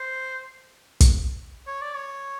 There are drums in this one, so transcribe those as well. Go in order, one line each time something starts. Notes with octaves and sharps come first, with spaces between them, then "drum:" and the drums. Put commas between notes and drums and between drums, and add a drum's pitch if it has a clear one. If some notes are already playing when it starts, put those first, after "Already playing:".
Already playing: C5
drum: kick, hi-hat
C#5
D5
C#5